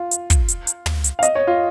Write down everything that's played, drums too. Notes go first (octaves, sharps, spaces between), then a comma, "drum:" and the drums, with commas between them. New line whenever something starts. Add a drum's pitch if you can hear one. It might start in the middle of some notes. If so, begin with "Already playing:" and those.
Already playing: F4
drum: hi-hat
drum: kick, hi-hat
drum: hi-hat
drum: hi-hat
drum: tom
drum: hi-hat
F5
D#5, drum: hi-hat
C#5
F4